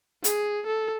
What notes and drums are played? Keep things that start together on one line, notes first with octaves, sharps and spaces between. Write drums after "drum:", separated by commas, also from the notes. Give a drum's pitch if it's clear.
G#4, drum: hi-hat
A4